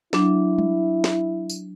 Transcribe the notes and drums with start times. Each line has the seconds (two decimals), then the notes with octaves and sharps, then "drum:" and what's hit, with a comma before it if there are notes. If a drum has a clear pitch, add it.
0.13 F#3 D4 E4, drum: snare
0.58 drum: tom G3
1.04 drum: snare
1.49 drum: tambourine